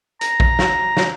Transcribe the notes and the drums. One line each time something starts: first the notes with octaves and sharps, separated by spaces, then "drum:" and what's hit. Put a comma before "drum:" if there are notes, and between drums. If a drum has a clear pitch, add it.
A#5, drum: hi-hat
drum: kick
drum: snare
drum: snare